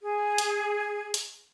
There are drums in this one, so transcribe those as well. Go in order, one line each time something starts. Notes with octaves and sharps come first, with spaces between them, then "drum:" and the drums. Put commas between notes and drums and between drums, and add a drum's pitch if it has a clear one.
G#4
drum: hi-hat
drum: hi-hat